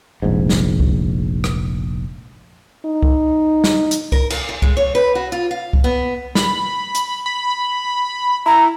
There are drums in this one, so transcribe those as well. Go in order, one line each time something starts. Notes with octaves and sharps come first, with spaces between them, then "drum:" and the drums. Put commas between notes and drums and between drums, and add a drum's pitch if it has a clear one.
F1 A#1 G#2
drum: snare
drum: kick C2
drum: rim click
D#4
drum: kick C2
drum: snare
drum: hi-hat
A#4, drum: kick C2
D2, drum: cymbal
G#2
G#3, drum: kick C2
C#5
B4
F#4
F4
F5
drum: kick C2
B3
B5, drum: snare
drum: hi-hat
B5
E4 A#5